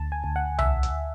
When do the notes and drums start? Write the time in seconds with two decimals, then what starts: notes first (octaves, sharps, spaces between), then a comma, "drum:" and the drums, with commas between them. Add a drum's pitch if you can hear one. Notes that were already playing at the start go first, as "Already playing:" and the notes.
Already playing: D2 A5
0.12 G#5
0.24 D2
0.36 F#5
0.59 E5, drum: tom C2
0.83 drum: hi-hat